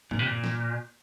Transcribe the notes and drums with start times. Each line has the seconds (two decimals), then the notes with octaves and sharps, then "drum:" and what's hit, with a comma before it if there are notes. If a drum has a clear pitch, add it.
0.11 A#2, drum: tom G2
0.19 C3
0.26 A#2
0.44 drum: snare